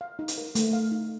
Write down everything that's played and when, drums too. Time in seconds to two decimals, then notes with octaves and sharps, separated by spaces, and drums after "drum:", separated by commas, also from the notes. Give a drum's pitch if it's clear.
0.01 F5
0.19 D#4
0.28 drum: hi-hat
0.38 A#4
0.55 A3, drum: hi-hat
0.73 F5
0.92 D#4